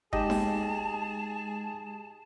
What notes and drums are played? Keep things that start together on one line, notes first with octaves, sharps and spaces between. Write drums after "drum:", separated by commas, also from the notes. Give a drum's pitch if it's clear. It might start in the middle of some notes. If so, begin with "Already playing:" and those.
G#3 D#4 G4 G#4 D#5 A5, drum: kick F#1
drum: snare D#4